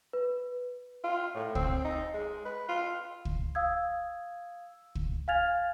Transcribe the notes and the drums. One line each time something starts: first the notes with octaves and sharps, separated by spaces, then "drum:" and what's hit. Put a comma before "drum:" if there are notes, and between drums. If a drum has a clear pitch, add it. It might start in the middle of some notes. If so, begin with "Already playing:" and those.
B4
F4
A2
C4, drum: kick
D#4
G#3
B4
F4
drum: kick
F5 D#6 E6 G#6
drum: kick
F5 G#5 F6 G#6 A6 F7